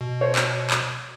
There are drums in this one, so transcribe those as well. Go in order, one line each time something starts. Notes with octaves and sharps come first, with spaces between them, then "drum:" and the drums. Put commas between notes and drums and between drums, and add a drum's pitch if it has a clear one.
B2
C5 C#5
drum: clap
drum: clap